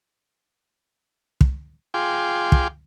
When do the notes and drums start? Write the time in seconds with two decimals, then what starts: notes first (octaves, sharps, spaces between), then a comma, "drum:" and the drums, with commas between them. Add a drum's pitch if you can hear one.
1.41 drum: kick
1.94 F4 G#4 G5 C6 D6
2.52 drum: kick